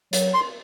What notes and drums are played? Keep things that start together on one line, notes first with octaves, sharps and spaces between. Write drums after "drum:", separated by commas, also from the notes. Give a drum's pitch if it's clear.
F#3, drum: hi-hat
C6